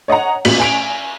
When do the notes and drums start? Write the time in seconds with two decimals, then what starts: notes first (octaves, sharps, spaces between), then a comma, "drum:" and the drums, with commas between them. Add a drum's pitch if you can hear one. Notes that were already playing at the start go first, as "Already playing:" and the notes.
0.08 C#5 D#5 F#5 A#5
0.45 A1 A#2 F#4 B6 F#7, drum: cymbal
0.59 G#5 D7 F7